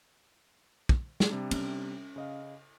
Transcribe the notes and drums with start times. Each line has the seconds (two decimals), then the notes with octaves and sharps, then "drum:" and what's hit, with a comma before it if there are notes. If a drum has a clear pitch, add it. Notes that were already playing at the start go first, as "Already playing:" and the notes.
0.89 drum: kick
1.20 drum: snare
1.29 C3 G3 D4
1.51 C#4, drum: cymbal
2.16 C#3 D#5 F5